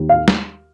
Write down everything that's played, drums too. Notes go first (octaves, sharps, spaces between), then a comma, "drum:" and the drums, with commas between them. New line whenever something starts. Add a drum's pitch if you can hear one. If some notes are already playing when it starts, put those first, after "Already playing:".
Already playing: D#2
F5
drum: snare